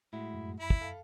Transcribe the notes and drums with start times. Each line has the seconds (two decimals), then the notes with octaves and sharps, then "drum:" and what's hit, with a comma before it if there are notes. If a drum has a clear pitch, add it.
0.13 A2 G#3 E4 F#4
0.34 F#2
0.60 E4 B5
0.70 drum: kick
0.81 A4 F5